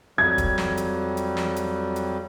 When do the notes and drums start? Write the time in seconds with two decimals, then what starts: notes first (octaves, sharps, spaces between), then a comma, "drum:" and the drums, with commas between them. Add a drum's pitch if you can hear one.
0.18 F2 F#3 G3 G#6
0.38 drum: kick, hi-hat
0.58 drum: snare
0.77 drum: hi-hat
1.17 drum: hi-hat
1.37 drum: snare
1.56 drum: hi-hat
1.96 drum: hi-hat